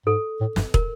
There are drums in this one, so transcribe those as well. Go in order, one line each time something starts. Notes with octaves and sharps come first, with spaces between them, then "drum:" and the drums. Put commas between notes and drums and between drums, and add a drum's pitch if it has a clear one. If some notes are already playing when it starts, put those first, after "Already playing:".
G#2 A4
A2
G2, drum: snare
A#4, drum: kick